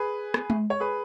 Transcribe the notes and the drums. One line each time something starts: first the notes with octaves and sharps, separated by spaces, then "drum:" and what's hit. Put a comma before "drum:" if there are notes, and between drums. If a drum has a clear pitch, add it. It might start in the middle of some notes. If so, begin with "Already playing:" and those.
Already playing: G#4 B4
drum: rim click
drum: tom G#3
C#5
G#4 B4